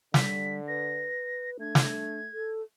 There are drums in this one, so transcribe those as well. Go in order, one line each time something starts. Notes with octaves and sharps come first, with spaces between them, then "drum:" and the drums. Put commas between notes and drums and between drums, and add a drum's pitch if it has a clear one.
D3 G3 B6, drum: snare
B4 A#6
A3 D4 G#6
drum: snare
A4